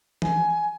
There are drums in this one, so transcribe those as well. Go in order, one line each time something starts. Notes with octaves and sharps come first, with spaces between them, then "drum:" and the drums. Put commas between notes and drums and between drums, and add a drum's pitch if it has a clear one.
G#5, drum: tom E3